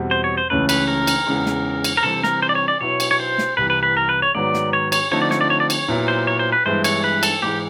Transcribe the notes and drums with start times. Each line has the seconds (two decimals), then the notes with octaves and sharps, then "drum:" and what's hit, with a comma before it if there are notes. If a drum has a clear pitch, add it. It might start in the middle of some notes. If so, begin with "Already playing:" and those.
Already playing: E2 B2 G3 C4
0.11 C5
0.24 C#5
0.37 C5
0.50 C#2 C#3 E3 A3 C#4 B4
0.69 B4, drum: cymbal
0.88 A#4
1.07 drum: cymbal
1.26 E2 C#3 E3 G#3
1.46 drum: snare
1.84 drum: cymbal
1.97 A#4
2.03 C3 E3 G3 C4 A4
2.24 A#4, drum: snare
2.42 C5
2.49 D5
2.55 C#5
2.68 D5
2.81 B2 F#3 B3 E4 C#5
3.00 drum: cymbal
3.11 C#5
3.20 C5
3.38 drum: snare
3.57 C2 C3 E3 B4
3.70 B4
3.83 B4
3.97 A#4
4.09 B4
4.22 C#5
4.35 G#2 D#3 F#3 B3 D5
4.54 drum: snare
4.73 C#5
4.92 C#5, drum: cymbal
5.11 D3 F3 A3 C4 D#4 C#5
5.22 D5
5.31 C#5, drum: snare
5.41 D5
5.50 C#5
5.60 D5
5.70 C#5, drum: cymbal
5.88 A#2 F#3 B3 E4
6.08 C5
6.27 C#5
6.39 C5
6.52 B4
6.65 G2 E3 G#3 B3 E4 C5
6.84 C#5, drum: cymbal
7.04 B4
7.23 A4, drum: cymbal
7.42 G#2 E3 G#3 G4